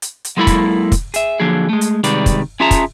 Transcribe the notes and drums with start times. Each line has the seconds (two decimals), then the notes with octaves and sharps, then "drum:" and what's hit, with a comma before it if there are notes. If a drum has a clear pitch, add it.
0.02 drum: hi-hat
0.25 drum: hi-hat
0.37 F#3 G#3 A#3 E4 A4 B5
0.47 drum: kick, hi-hat
0.92 drum: kick, hi-hat
1.14 G#4 E5, drum: hi-hat
1.40 D3 F3 F#3 A#3 G#4
1.69 G#3 A3
1.81 drum: hi-hat
2.04 C3 D#3 G3 G#3 B4 D5, drum: hi-hat
2.26 drum: kick, hi-hat
2.60 C#4 F4 G#4 E5 A5 A#5
2.71 drum: kick, hi-hat